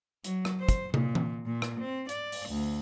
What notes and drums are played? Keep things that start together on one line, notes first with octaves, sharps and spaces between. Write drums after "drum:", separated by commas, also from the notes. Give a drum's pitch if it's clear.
F#3, drum: hi-hat
drum: rim click
C5
drum: kick, hi-hat
A#2, drum: tom
drum: tom E3
A#2
drum: rim click
C4
D5, drum: hi-hat
drum: open hi-hat
D2